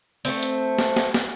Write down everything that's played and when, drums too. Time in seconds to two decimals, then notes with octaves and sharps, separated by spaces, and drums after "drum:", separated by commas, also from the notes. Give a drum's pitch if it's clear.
0.25 A3 C4, drum: open hi-hat
0.43 drum: hi-hat
0.79 drum: snare
0.97 drum: snare
1.14 drum: snare